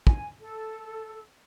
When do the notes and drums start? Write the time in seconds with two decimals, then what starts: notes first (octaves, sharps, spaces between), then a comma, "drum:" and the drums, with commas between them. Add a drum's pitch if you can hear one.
0.07 G#5, drum: kick
0.41 A4